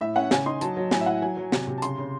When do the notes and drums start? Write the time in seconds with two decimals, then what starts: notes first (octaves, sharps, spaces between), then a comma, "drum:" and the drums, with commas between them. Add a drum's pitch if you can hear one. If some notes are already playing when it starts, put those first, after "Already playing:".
0.01 A2 E5
0.16 C#4 F#5
0.31 C#3 G#5, drum: snare
0.46 D#4 C6
0.61 F#3 A5, drum: hi-hat
0.77 F#3
0.91 A2 G#5, drum: snare
1.01 E5
1.06 E4 F#5
1.22 F#3 G#5
1.37 F#3
1.52 C3, drum: snare
1.68 C3
1.78 A5
1.82 C#3 C6, drum: hi-hat
1.98 C#3